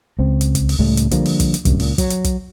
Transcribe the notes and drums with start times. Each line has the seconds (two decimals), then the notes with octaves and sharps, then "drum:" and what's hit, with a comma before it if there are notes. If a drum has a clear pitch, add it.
0.19 C#2 C4
0.41 drum: hi-hat
0.55 drum: kick, hi-hat
0.69 drum: open hi-hat
0.79 C#2 A2 G3 A3
0.97 drum: hi-hat
1.11 D3 F3 G3 A#3, drum: kick, hi-hat
1.26 drum: open hi-hat
1.40 drum: kick, hi-hat
1.54 drum: hi-hat
1.65 D1 C2 F#2, drum: kick, hi-hat
1.80 C#2 A#2, drum: open hi-hat
1.98 F#3, drum: kick, hi-hat
2.10 drum: hi-hat
2.24 drum: kick, hi-hat